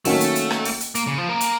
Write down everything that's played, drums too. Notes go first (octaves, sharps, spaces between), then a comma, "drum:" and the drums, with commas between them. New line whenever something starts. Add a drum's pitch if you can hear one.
D#3 F#3 A3 A#3 C#4 F#4, drum: open hi-hat
drum: hi-hat
drum: hi-hat
drum: rim click
drum: open hi-hat
drum: hi-hat
A#3, drum: hi-hat
C#3
F3
A#3
drum: hi-hat